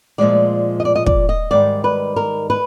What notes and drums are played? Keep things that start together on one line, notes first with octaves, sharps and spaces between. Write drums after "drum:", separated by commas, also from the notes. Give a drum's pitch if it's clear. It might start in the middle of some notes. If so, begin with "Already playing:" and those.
A#2 F3 G#3 D5
D#5
D5
D#5
D5, drum: kick
D#5
G#2 D#3 G3 D5
B4
A#4
B4